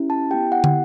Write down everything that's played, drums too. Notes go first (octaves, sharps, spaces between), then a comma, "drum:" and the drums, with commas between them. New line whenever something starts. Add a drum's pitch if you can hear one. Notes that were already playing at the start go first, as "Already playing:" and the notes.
Already playing: C#4 E4 G4
A5
B3 E4 G4 G5
F#5
drum: tom